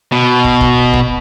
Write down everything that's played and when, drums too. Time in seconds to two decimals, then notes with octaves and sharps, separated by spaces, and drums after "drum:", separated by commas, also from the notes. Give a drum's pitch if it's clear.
0.12 B2
0.44 drum: kick
0.61 drum: kick
0.94 drum: kick